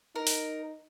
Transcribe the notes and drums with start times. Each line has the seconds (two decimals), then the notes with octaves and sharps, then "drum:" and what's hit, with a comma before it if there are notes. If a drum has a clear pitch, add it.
0.15 D#4 A#4
0.27 drum: open hi-hat